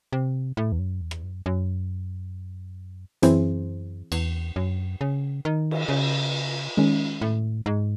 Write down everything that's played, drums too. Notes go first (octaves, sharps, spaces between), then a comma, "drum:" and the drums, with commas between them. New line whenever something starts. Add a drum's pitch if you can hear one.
C3
A2
E2
F#2
E2
drum: rim click
F#2
F#2
F#2 E3 C4 E4 G#4 C5, drum: hi-hat
E2, drum: cymbal
F#2
C#3
D#3
drum: cymbal
C#3
D#3 G#3 C#4
A2
G#2